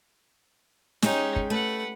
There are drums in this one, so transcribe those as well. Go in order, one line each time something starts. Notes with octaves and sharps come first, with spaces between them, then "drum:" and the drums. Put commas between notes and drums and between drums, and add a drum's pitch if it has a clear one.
G#3 C#4 D#4 G4 G#4, drum: snare
drum: kick
A3 B4 F#5